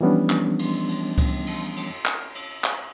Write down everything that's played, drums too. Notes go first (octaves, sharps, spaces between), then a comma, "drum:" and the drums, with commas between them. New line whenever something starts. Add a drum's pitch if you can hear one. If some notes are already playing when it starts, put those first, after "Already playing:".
E3 F3 G3 B3 C#4 D4
drum: clap
drum: cymbal
drum: cymbal
drum: kick C#2, cymbal
drum: cymbal
drum: cymbal
drum: clap
drum: cymbal
drum: clap